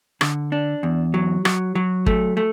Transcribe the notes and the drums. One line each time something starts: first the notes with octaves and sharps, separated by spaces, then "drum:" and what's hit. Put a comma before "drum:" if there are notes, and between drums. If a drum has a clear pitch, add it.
D3, drum: rim click
D4
E2
F#3
F#3, drum: rim click
F#3
A3, drum: kick
A3